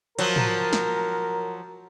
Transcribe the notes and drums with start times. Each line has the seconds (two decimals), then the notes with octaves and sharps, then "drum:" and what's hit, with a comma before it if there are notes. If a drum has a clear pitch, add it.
0.19 F3 F#3 A#4, drum: cymbal
0.36 drum: tom
0.73 drum: snare